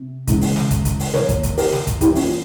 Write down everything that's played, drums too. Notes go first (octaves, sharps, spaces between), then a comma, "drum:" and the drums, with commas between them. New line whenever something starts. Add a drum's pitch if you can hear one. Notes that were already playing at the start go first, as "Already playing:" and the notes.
Already playing: C3
C#3 E3 G#3, drum: kick, hi-hat
drum: open hi-hat
drum: snare
drum: kick, hi-hat
drum: kick, hi-hat
drum: open hi-hat
E3 G3 A#3 A#4 C#5, drum: snare
drum: kick, hi-hat
drum: kick, hi-hat
G4 A#4, drum: open hi-hat
drum: snare
drum: kick, hi-hat
E3 G3 A#3 E4 G4, drum: kick, hi-hat
C#4 F4, drum: open hi-hat